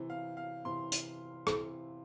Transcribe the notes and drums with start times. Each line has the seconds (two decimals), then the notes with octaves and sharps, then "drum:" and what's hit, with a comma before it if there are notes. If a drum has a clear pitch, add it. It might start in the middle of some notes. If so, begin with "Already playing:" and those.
Already playing: C3 E3
0.10 F5
0.37 F5
0.65 C3 E3 C6
0.92 drum: hi-hat
1.47 C3 E3, drum: rim click